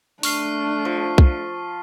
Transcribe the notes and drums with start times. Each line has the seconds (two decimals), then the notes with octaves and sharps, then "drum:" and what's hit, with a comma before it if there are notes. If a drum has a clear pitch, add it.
0.23 A3 D4 C#6 F6 C7, drum: open hi-hat
0.85 F3
1.18 drum: kick